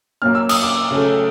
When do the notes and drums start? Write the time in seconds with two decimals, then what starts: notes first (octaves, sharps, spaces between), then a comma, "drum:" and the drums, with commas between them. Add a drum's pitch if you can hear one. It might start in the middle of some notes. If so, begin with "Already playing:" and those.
0.22 A#2 F#3 A#3 F6
0.35 E6
0.49 D#6, drum: cymbal
0.63 D6 E6
0.91 C#3 F#3 A3